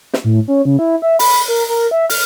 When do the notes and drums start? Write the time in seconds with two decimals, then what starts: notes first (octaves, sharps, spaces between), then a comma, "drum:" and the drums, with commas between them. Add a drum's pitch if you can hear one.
0.13 drum: snare
0.24 A2
0.48 C#4
0.65 C#3
0.79 E4
1.02 E5
1.19 B5, drum: open hi-hat
1.48 A#4
1.69 A#4
1.91 E5
2.10 F6, drum: open hi-hat